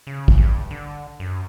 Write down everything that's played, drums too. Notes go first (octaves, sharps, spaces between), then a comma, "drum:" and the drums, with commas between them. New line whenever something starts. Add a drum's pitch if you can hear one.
C#3
drum: kick
G2
D3
F#2